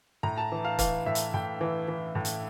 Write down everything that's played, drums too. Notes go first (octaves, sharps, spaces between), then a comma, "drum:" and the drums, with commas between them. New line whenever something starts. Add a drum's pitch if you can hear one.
A2 A#5
A5
E3
F5
E3 F5, drum: kick, hi-hat
A2 E5
drum: hi-hat
A2 G5
E3
E3
A2
drum: hi-hat